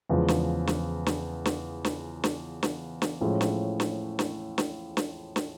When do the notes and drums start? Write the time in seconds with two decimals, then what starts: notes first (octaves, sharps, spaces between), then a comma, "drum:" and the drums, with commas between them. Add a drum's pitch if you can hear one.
0.09 E2 C#3 F3 G#3
0.28 drum: snare
0.67 drum: snare
1.06 drum: snare
1.45 drum: snare
1.85 drum: snare
2.24 drum: snare
2.63 drum: snare
3.02 drum: snare
3.21 A2 F3 G#3 C#4
3.41 drum: snare
3.80 drum: snare
4.19 drum: snare
4.58 drum: snare
4.97 drum: snare
5.36 drum: snare